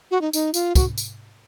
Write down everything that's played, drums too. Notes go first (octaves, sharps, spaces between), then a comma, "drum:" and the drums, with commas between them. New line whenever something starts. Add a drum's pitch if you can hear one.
F#4
D#4
D#4, drum: tambourine
F4, drum: tambourine
F#4, drum: kick, tambourine
drum: tambourine